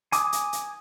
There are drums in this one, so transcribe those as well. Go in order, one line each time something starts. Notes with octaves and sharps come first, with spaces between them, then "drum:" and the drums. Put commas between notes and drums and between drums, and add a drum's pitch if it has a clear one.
G#5 D6 D#6, drum: hi-hat
drum: hi-hat
drum: hi-hat